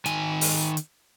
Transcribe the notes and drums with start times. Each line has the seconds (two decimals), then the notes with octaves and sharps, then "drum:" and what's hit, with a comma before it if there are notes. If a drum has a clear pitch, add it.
0.06 D#3 G#5, drum: hi-hat
0.41 drum: open hi-hat
0.77 drum: hi-hat